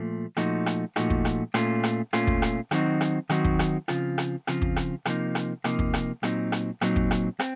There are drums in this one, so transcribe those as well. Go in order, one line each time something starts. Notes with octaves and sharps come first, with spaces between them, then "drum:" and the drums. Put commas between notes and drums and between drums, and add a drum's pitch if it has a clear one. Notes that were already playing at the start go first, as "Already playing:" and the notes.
Already playing: A#2 F3 A3
A#2 F3 A3 D#4 F#4, drum: rim click
drum: rim click
A#2 F3 A3 D#4 F#4, drum: rim click
drum: kick
drum: rim click
A#2 A3 C#4 F4, drum: rim click
drum: rim click
A#2 A3 C#4 F4, drum: rim click
drum: kick
drum: rim click
D#3 F#3 C4 D#4 F#4, drum: rim click
drum: rim click
D#3 F#3 C4 D#4 F#4, drum: rim click
drum: kick
drum: rim click
C#3 F3 C4 F4, drum: rim click
drum: rim click
C#3 F3 C4 F4, drum: rim click
drum: kick
drum: rim click
C3 F3 A#3 D#4, drum: rim click
drum: rim click
C3 F3 A#3 D#4, drum: rim click
drum: kick
drum: rim click
A#2 F#3 C4 D#4, drum: rim click
drum: rim click
A#2 F#3 C4 D#4, drum: rim click
drum: kick
drum: rim click
C4, drum: rim click